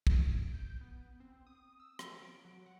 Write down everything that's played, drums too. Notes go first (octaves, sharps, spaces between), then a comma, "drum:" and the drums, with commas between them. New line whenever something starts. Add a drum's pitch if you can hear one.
drum: kick
D7
G6
B3
C4
D#6
E6
F3, drum: rim click
D7
F#3
F#5